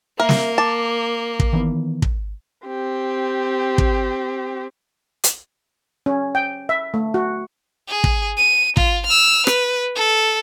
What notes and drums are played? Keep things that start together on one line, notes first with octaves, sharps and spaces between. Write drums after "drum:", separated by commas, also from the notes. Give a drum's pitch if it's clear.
A#3 A#4 E5
drum: snare
A5 D6
drum: kick
D#3 E3 B3
drum: kick
C4 G4
drum: kick
drum: hi-hat
C#4
G5
E5
A3
F#4
G#4
drum: kick
D#7
F4, drum: kick
E6 F6
B4, drum: rim click
A4